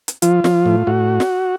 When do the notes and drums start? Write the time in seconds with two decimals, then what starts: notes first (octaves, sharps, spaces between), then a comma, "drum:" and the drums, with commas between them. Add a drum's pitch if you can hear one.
0.08 drum: hi-hat
0.22 F3 F4, drum: hi-hat
0.44 F3, drum: snare
0.66 A2
0.87 A2 F#4
1.20 drum: snare